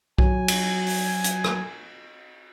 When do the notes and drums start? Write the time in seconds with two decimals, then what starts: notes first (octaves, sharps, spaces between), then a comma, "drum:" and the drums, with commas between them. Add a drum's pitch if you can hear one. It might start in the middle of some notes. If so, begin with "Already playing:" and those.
0.18 F#3 G#5, drum: kick B1
0.48 drum: cymbal
0.86 drum: open hi-hat
1.24 drum: hi-hat
1.44 drum: rim click